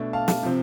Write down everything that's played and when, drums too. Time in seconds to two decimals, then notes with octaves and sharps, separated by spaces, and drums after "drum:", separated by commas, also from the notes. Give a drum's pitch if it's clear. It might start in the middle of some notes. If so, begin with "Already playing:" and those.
Already playing: B2 A3 D4
0.13 F5 A5
0.28 drum: snare
0.43 C3 F3 C4